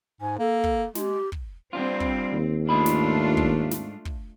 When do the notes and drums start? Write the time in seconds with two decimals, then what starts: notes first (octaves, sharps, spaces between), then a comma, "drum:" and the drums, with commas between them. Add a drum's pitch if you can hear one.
0.21 G#2 G#5
0.39 A#3 A4
0.64 drum: kick
0.95 G#3 G4, drum: snare
1.32 drum: kick
1.73 G3 C4 D4 F4
2.00 drum: kick
2.32 D#2
2.69 G#2 A3 D4 F4 D#5 B5
2.86 drum: snare
3.37 drum: kick
3.71 drum: snare
4.05 drum: kick